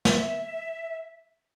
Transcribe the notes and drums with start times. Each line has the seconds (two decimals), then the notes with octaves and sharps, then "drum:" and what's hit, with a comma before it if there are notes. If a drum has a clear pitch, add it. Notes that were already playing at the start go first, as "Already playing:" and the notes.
0.05 E5, drum: snare